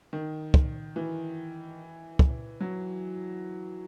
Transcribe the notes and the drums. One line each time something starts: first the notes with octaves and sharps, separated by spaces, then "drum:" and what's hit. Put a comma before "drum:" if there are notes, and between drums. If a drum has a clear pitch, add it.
D#3
drum: kick
E3
drum: kick
F#3